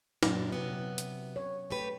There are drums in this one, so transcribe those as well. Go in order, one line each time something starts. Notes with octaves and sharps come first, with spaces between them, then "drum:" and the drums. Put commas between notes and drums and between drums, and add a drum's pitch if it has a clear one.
F#2 A#2 F#3 D4, drum: snare
C3 B3
drum: hi-hat
C#5
A3 G4 B4